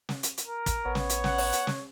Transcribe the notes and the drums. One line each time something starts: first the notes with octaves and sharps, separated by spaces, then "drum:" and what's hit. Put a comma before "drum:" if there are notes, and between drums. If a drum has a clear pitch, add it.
drum: snare
drum: hi-hat
drum: hi-hat
A#4
drum: kick, hi-hat
A1 B3 C#5
drum: snare
drum: hi-hat
F#5, drum: snare
drum: open hi-hat
drum: hi-hat
drum: snare